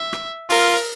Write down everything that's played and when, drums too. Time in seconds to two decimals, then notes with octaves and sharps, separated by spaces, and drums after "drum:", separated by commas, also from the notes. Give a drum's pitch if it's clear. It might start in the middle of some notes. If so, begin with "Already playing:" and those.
Already playing: E5
0.13 drum: rim click
0.50 F4 A#4, drum: open hi-hat